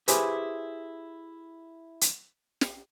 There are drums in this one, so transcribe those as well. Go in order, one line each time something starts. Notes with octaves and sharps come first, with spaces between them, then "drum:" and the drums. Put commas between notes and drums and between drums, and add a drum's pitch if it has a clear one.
E4 G4 G#4 B4 C5, drum: hi-hat
drum: hi-hat
drum: snare